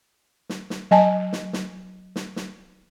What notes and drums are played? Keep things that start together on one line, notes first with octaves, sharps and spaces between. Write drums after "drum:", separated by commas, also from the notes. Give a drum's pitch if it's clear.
drum: snare
drum: snare
F#3 D#5 G#5 A5
drum: snare
drum: snare
drum: snare
drum: snare